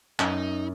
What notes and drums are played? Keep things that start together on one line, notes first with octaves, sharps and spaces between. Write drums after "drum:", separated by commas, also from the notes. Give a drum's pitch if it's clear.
F#2 D#4, drum: clap